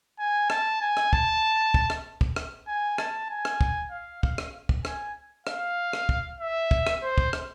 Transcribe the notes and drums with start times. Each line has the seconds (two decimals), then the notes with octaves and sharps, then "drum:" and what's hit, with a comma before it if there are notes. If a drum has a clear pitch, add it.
0.19 G#5
0.50 A5, drum: rim click
0.81 G#5
0.97 drum: rim click
1.13 A5, drum: kick
1.74 drum: kick
1.90 drum: rim click
2.21 drum: kick
2.36 drum: rim click
2.68 G#5
2.98 A5, drum: rim click
3.30 G#5
3.45 drum: rim click
3.61 drum: kick
3.91 F5
4.23 F5, drum: kick
4.38 drum: rim click
4.69 drum: kick
4.85 G#5, drum: rim click
5.47 F5, drum: rim click
5.93 drum: rim click
6.09 drum: kick
6.40 E5
6.71 drum: kick
6.87 drum: rim click
7.03 C5
7.18 drum: kick
7.33 drum: rim click